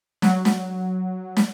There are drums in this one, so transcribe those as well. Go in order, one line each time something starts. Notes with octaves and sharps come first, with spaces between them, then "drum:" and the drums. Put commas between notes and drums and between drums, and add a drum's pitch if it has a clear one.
F#3, drum: snare
drum: snare
drum: snare